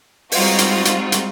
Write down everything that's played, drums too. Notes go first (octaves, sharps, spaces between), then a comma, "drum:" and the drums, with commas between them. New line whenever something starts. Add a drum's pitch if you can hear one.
G3 G#3 C4 D#4 F4 F#4, drum: open hi-hat
drum: hi-hat
drum: hi-hat
drum: hi-hat